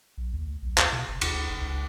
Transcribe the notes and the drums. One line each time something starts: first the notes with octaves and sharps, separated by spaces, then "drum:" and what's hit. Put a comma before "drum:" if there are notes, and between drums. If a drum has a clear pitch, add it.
B1
D#2
D2
B1
D#2, drum: clap
B2
F#1
D#2, drum: cymbal
D2
F#1
C#2